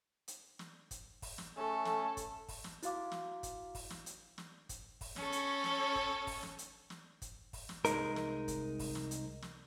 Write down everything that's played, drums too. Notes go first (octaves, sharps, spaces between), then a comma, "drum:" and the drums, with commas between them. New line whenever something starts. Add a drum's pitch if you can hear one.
drum: hi-hat
drum: snare
drum: kick, hi-hat
drum: kick, open hi-hat
drum: snare
A3 C#4 A4
drum: snare
drum: kick, hi-hat
drum: kick, open hi-hat
drum: snare
E4 F#4 F5 D6, drum: hi-hat
drum: snare
drum: kick, hi-hat
drum: kick, open hi-hat
drum: snare
drum: hi-hat
drum: snare
drum: kick, hi-hat
drum: kick, open hi-hat
C#4 A4 C#6, drum: snare
drum: hi-hat
drum: snare
drum: kick
drum: kick, open hi-hat
drum: snare
drum: hi-hat
drum: snare
drum: kick, hi-hat
drum: kick, open hi-hat
drum: snare
C2 G#3 D#4 A#4, drum: hi-hat
drum: snare
drum: kick, hi-hat
drum: kick, open hi-hat
drum: snare
drum: hi-hat
drum: snare